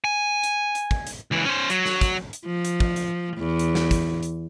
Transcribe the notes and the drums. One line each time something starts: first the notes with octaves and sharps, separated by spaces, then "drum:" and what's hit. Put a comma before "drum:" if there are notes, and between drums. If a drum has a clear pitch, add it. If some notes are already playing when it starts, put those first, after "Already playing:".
G#5
drum: hi-hat
drum: hi-hat
drum: kick
drum: hi-hat
C#2 E3
C#4 C5
F#3, drum: hi-hat
drum: snare
drum: kick, hi-hat
drum: hi-hat
F3
drum: hi-hat
drum: kick
drum: hi-hat
E2
drum: hi-hat
drum: snare
drum: kick, hi-hat
drum: hi-hat